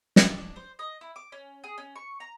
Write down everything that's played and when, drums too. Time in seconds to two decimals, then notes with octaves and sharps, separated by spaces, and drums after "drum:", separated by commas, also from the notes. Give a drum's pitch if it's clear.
0.16 D5, drum: snare
0.38 D4
0.56 C5
0.79 D#5
1.01 E4
1.16 D6
1.32 C#4
1.64 G#4
1.78 C#4
1.96 C#6
2.20 A#5